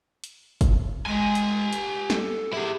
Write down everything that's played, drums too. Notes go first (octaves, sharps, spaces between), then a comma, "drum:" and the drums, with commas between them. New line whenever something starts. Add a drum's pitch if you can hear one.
drum: hi-hat
drum: kick, hi-hat
G#3 G4 G#5
drum: hi-hat
drum: hi-hat
A4, drum: snare
E4 G4 G#4